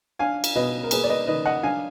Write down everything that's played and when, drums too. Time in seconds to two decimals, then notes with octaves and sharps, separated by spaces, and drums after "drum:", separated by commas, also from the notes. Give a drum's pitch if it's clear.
0.19 D4 F5 G#5
0.44 drum: cymbal
0.55 B2 B4 D#5
0.84 A#4
0.91 A#3 G#4 B4, drum: cymbal
1.04 D5
1.09 B4 D#5
1.27 D#3 B4 D#5
1.45 D#5 F#5
1.63 D4 F5 G#5